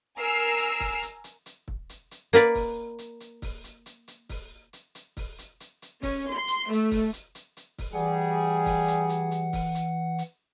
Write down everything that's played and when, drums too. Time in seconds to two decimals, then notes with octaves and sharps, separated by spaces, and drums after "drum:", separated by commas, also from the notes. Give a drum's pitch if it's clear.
0.18 A#4 G#5 E6 F6 C7
0.59 drum: hi-hat
0.80 drum: kick, open hi-hat
1.02 drum: hi-hat
1.24 drum: hi-hat
1.46 drum: hi-hat
1.68 drum: kick
1.89 drum: hi-hat
2.11 drum: hi-hat
2.33 A#3 A#4 B4 D5, drum: hi-hat
2.55 drum: kick, open hi-hat
2.99 drum: hi-hat
3.20 drum: hi-hat
3.42 drum: kick, open hi-hat
3.64 drum: hi-hat
3.86 drum: hi-hat
4.08 drum: hi-hat
4.29 drum: kick, open hi-hat
4.73 drum: hi-hat
4.95 drum: hi-hat
5.17 drum: kick, open hi-hat
5.39 drum: hi-hat
5.60 drum: hi-hat
5.82 drum: hi-hat
6.03 C#4, drum: kick, open hi-hat
6.33 C6
6.48 drum: hi-hat
6.72 A3, drum: hi-hat
6.91 drum: kick, open hi-hat
7.13 drum: hi-hat
7.35 drum: hi-hat
7.57 drum: hi-hat
7.78 drum: kick, open hi-hat
7.93 E3 G3 G#4 F#5
8.66 drum: kick, open hi-hat
8.88 drum: hi-hat
9.09 drum: hi-hat
9.31 drum: hi-hat
9.53 drum: kick, open hi-hat
9.75 drum: hi-hat
10.18 drum: hi-hat